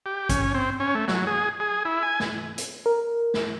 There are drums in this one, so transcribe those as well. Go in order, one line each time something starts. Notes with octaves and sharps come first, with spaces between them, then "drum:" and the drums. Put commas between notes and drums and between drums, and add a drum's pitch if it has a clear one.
G4
C#4, drum: kick A1, hi-hat
C4
C#4
A3
F#3, drum: snare
G#4
G#4
E4
G#5
drum: snare
drum: hi-hat
A#4
drum: snare